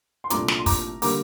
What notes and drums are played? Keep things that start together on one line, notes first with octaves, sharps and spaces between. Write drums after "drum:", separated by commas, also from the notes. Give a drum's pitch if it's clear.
C6
C2 A#2 A3 D4 A#5 D6, drum: hi-hat
drum: snare
C6
A#5 D6, drum: kick, open hi-hat
D3 G3 A#3 A#5 D6, drum: open hi-hat